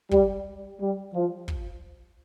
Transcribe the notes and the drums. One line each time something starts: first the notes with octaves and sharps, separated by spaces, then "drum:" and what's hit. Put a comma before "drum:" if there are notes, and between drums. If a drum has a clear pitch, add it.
G3, drum: kick
G3
F3
drum: kick